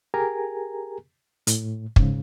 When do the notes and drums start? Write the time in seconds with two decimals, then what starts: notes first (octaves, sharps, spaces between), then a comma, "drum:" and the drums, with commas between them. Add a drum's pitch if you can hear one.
0.14 G4 G#4 A#4 G#5 A#5
1.47 A2, drum: hi-hat
1.96 G#2 C#3, drum: kick